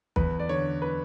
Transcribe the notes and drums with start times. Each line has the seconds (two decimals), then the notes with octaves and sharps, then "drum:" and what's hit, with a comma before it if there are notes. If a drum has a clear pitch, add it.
0.16 E2 B4, drum: kick
0.39 D5
0.49 D3 C#5
0.82 B4